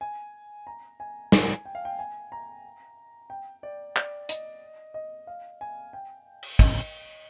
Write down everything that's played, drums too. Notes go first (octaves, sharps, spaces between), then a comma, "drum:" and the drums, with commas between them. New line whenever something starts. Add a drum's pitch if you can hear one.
G#5
A#5
G#5
G#5, drum: snare
G5
F5
G5
G#5
A#5
G5
D5
D5, drum: clap
D#5, drum: hi-hat
D#5
F5
G#5
G5
drum: cymbal
D#5, drum: kick